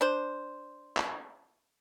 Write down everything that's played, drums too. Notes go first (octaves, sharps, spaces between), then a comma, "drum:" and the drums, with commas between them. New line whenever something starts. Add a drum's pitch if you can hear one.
D4 C5
drum: clap